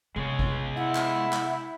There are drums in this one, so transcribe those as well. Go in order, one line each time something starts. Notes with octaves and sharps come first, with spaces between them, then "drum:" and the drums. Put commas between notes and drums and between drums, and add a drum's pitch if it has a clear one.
C3 G#3 B3 G#4 C#5
drum: kick
E4 F#5
drum: clap
drum: clap